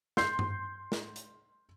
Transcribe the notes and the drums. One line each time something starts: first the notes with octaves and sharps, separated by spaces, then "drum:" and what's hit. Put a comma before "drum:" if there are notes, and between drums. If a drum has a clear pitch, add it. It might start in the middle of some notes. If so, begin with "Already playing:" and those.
C6 G6 C7, drum: snare
drum: tom G2
drum: snare
drum: hi-hat